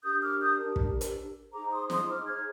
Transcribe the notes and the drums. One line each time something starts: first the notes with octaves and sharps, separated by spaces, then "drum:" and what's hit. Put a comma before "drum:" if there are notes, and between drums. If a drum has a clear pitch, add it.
D4 G4 A#4 D#6 G6
D6 F6
D#6 G6
drum: kick
drum: hi-hat
D#4 G#4 C5 A#5 D6
C6 D#6
C6 D#6, drum: snare
D6 F6
F6 G#6